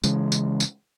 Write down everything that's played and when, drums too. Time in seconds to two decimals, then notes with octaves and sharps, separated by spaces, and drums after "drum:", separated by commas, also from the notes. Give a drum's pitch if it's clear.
0.04 C#3 E3 G#3, drum: tambourine
0.32 drum: tambourine
0.60 drum: tambourine